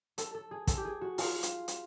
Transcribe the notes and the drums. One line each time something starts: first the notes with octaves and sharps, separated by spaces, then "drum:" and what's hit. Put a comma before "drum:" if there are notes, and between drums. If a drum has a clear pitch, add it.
A4, drum: hi-hat
A4
G#4
A4, drum: kick, hi-hat
G4
G#4
F#4
F4, drum: open hi-hat
drum: hi-hat
drum: hi-hat